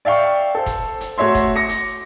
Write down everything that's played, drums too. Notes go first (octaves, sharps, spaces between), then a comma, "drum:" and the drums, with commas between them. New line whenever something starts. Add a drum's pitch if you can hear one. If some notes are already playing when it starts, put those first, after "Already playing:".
D5 E5 F5 G5 C#6
A4 C5
drum: kick F1, hi-hat
drum: hi-hat
A3 F#4 C#5 E5 C6
drum: kick F1, hi-hat
D6 A#6 C#7
drum: hi-hat